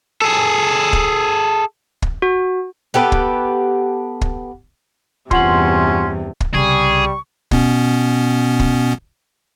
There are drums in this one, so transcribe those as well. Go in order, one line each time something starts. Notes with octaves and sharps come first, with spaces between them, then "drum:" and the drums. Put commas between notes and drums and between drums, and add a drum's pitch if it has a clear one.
G#4 A4
drum: kick
drum: kick
F#4
B3 G4 A4 B4
drum: kick
drum: kick
E2 G2 C3 C#4 F4 F#5 C6 F#7, drum: kick
drum: kick
C2 C#3 G3 G#4 C#6
B2 B3 C#4, drum: kick
drum: kick